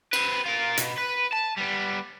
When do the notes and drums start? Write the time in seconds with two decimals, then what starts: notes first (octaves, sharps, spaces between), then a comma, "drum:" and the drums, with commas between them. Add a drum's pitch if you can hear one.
0.13 C4 B4, drum: cymbal
0.45 F4 A#4
0.77 B2, drum: hi-hat
0.98 B4
1.32 A5
1.57 G3 B3